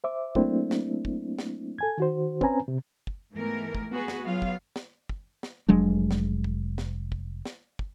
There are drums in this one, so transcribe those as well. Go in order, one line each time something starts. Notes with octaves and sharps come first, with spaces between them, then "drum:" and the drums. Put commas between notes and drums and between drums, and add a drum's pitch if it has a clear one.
C5 E5 D6
F#3 A3 A#3 C4 D4 E4, drum: kick
drum: snare
drum: kick
drum: snare
A4 G#5 G#6
D#3 F#4 C5
C4 C#4 B4 G#5 A#5, drum: kick
C3
drum: kick
G#2 E3 A3 B3 A#4
drum: kick
B3 F#4 G#4 B4
drum: snare
F#3 B3 F4 F5
drum: kick
drum: snare
drum: kick
drum: snare
F1 F#3 G#3 D4
drum: snare
drum: kick
drum: snare
drum: kick
drum: snare
drum: kick